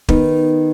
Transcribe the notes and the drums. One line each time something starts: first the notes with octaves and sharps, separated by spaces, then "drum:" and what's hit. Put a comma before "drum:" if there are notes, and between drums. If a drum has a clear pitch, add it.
D#3 B3 D#4, drum: kick